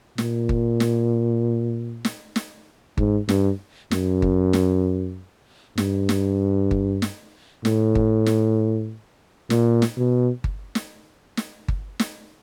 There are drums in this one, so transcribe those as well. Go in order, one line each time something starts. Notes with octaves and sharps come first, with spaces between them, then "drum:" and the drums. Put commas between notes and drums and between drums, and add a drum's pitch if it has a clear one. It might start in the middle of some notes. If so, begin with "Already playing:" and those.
A#2, drum: snare
drum: kick G1
drum: snare
drum: snare
drum: snare
G#2, drum: kick G1
G2, drum: snare
F#2, drum: snare
drum: kick G1
drum: snare
G2, drum: snare
drum: snare
drum: kick G1
drum: snare
A2, drum: snare
drum: kick G1
drum: snare
A#2, drum: snare
drum: snare
B2
drum: kick G1
drum: snare
drum: snare
drum: kick G1
drum: snare